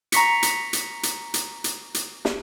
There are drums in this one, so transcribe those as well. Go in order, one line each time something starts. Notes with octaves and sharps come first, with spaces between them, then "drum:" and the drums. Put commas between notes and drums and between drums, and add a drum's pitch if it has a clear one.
A#5 C#6 B6 C#7, drum: hi-hat
drum: hi-hat
drum: hi-hat
drum: hi-hat
drum: hi-hat
drum: hi-hat
drum: hi-hat
drum: snare